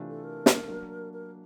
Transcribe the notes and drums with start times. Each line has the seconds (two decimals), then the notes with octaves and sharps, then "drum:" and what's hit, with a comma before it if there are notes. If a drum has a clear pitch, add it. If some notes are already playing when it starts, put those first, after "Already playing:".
Already playing: C3 E3 A3 D4 F4
0.09 A4
0.24 A#4
0.46 drum: snare
0.68 F#3 A#3 D4
1.13 A#4